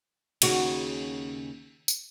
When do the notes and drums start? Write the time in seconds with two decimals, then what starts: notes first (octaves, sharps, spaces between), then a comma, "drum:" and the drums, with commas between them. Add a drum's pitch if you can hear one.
0.42 D#2 C#3 F#4, drum: cymbal
1.88 drum: tambourine